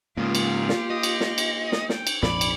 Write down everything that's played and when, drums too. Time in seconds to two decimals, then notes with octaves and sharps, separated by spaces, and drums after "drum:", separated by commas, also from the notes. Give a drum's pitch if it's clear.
0.17 G#2 C#3 A#3 F4 G4
0.35 drum: cymbal
0.69 drum: snare
0.90 D#5
1.03 drum: cymbal
1.21 drum: snare
1.38 drum: cymbal
1.72 drum: snare
1.89 G5, drum: snare
2.07 drum: cymbal
2.23 A#1 F2 G#2 D5 B5, drum: snare
2.41 drum: cymbal